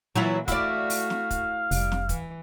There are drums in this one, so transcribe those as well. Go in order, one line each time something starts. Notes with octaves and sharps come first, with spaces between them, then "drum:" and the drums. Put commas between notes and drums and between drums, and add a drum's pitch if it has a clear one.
A#2 E3 F#3 E4 F4
A3 E4 F#4 D5 F5, drum: kick, hi-hat
drum: open hi-hat
drum: snare
drum: kick, hi-hat
F1 G3, drum: open hi-hat
drum: snare
E3, drum: kick, hi-hat